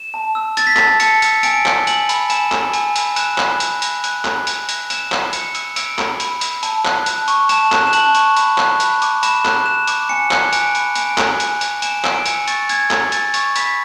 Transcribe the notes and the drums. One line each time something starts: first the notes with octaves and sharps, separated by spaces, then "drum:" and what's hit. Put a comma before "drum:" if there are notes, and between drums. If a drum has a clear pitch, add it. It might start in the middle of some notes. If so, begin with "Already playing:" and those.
Already playing: E7
A5
E6
E6 A6, drum: hi-hat
B6
A5 A6, drum: clap
A5 C#7, drum: hi-hat
E6, drum: hi-hat
G#5 D7, drum: hi-hat
E6, drum: clap
G#5 F#7, drum: hi-hat
B5, drum: hi-hat
G#5 E7, drum: hi-hat
E6, drum: clap
G#5, drum: hi-hat
B5, drum: hi-hat
F#6 E7, drum: hi-hat
B5, drum: clap
B5, drum: hi-hat
F#6, drum: hi-hat
F#6, drum: hi-hat
B5, drum: clap
B5, drum: hi-hat
F#6, drum: hi-hat
E6 E7, drum: hi-hat
B5, drum: clap
B5 C#7, drum: hi-hat
E6, drum: hi-hat
E6 D7, drum: hi-hat
B5, drum: clap
B5, drum: hi-hat
E6, drum: hi-hat
A5, drum: hi-hat
F#6, drum: clap
A5, drum: hi-hat
C#6, drum: hi-hat
A5 E7, drum: hi-hat
F#6, drum: clap
E7
A5 F#7, drum: hi-hat
C#6, drum: hi-hat
B5, drum: hi-hat
F#6, drum: clap
B5, drum: hi-hat
D6, drum: hi-hat
B5 E7, drum: hi-hat
F#6, drum: clap
B5 E7
D6, drum: hi-hat
G#5 C#7
F#6, drum: clap
G#5 D7, drum: hi-hat
B5, drum: hi-hat
G#5 D7, drum: hi-hat
F#6, drum: clap
G#5, drum: hi-hat
B5, drum: hi-hat
D7
G#5 E7, drum: hi-hat
E6 D7, drum: clap
G#5 C#7, drum: hi-hat
C#6 A6, drum: hi-hat
G#5 G#6, drum: hi-hat
E6, drum: clap
G#5 A6, drum: hi-hat
C#6, drum: hi-hat
B5 B6, drum: hi-hat